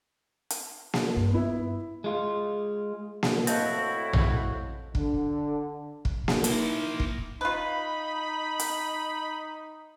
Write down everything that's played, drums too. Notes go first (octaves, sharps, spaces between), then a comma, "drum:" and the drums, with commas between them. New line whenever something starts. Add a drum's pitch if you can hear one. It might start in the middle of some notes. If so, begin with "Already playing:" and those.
drum: hi-hat
drum: snare A#3
G2
B3 E4
G#3 F4
drum: snare A#3
A2 C4 E4 F#4 D#5 F5 A5, drum: hi-hat
drum: tom A#1
D3, drum: kick
drum: kick
drum: snare A#3
A#3 D#4 E4 C5, drum: hi-hat
drum: kick
D#4 F4 B4 B5
drum: hi-hat